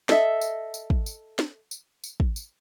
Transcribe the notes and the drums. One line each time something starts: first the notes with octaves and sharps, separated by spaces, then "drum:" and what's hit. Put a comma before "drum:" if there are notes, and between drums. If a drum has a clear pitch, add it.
A4 D#5 E5, drum: snare
drum: tambourine
drum: tambourine
drum: kick
drum: tambourine
drum: snare
drum: tambourine
drum: tambourine
drum: kick
drum: tambourine